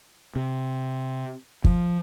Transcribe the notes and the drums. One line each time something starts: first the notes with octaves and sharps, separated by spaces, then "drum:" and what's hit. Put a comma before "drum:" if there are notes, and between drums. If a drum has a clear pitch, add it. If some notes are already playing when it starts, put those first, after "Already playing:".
C3
F3, drum: kick